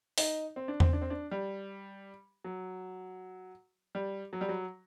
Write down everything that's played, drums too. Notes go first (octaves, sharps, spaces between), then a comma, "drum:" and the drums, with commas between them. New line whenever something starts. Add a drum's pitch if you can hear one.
D#4, drum: open hi-hat
C4
D4
C4, drum: tom E2
D4
C4
D4
G3
F#3
G3
F#3
G3
F#3